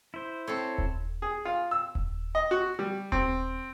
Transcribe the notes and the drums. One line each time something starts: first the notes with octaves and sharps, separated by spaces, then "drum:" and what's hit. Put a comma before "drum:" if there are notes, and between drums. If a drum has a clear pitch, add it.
E4 C5
C4 A4 C#5
drum: kick D#1
G#4
F4
E6
drum: kick D#1
D#5
F#4
G3
C4, drum: kick D#1